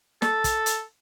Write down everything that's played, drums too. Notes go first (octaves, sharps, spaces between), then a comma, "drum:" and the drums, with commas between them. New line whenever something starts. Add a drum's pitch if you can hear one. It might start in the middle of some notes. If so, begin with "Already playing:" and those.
A4, drum: snare
drum: kick, hi-hat
drum: hi-hat